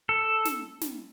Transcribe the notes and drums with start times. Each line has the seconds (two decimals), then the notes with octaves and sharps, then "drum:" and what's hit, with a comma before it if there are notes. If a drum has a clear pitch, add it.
0.09 A4
0.45 drum: snare
0.81 drum: snare